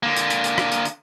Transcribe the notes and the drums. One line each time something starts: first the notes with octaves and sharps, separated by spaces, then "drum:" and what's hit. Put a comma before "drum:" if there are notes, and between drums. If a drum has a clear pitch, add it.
D3 A#3
drum: hi-hat
drum: hi-hat
drum: hi-hat
drum: rim click
drum: hi-hat
drum: hi-hat